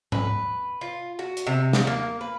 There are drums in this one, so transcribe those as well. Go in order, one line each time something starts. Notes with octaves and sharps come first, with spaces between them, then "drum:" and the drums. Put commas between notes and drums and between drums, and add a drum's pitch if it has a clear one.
B4, drum: tom G#2
F4
F#4
drum: hi-hat
C3
drum: snare
A#3
B4